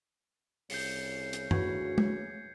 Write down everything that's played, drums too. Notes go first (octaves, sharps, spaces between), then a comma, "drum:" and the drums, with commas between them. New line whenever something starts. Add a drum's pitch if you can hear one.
C2 C#3 G6 C7 C#7, drum: open hi-hat
drum: hi-hat
D2 E4 F#4 B4 G#6, drum: tom F#2
drum: tom